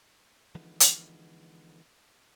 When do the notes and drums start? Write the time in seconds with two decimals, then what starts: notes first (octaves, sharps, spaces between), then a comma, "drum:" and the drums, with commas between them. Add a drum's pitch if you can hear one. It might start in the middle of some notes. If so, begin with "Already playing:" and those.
0.55 D3 E3 F3 G#3 B3 D#4
0.80 drum: hi-hat